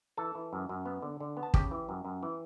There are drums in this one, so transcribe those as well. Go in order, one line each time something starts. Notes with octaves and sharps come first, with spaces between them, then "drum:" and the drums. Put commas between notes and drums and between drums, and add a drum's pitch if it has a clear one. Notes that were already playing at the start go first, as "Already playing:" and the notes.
E3 A4 A5
E3
F#2
F#2
B3
D3
D3
B3
A5
C#3 G4 G5, drum: kick
E3
F#2
F#2
E3